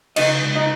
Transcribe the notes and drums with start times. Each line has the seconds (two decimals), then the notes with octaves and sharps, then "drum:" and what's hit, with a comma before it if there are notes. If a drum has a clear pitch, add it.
0.16 C#3 D#4 D#5, drum: cymbal
0.42 C#2
0.56 D#4 D#5